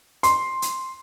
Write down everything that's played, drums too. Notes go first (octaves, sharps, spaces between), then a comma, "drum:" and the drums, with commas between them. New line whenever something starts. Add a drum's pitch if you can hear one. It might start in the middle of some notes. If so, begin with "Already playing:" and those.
C6, drum: hi-hat
drum: hi-hat